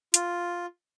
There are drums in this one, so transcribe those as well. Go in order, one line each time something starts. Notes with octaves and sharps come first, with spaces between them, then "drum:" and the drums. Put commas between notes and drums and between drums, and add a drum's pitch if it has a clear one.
F4, drum: hi-hat